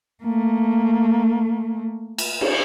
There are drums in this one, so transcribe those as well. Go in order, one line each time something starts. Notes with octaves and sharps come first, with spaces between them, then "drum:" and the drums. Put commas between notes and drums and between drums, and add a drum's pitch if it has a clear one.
A3 A#3
drum: cymbal
drum: cymbal